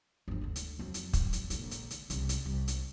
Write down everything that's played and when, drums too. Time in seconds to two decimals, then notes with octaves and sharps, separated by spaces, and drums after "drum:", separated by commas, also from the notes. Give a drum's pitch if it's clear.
0.28 G1 F3
0.41 D2 D3
0.56 drum: hi-hat
0.79 F2 F#3
0.94 drum: hi-hat
1.13 drum: kick, hi-hat
1.33 drum: hi-hat
1.50 A#1 D3, drum: hi-hat
1.71 drum: hi-hat
1.91 drum: hi-hat
2.10 C2 C#3, drum: hi-hat
2.29 drum: hi-hat
2.45 C2
2.68 drum: hi-hat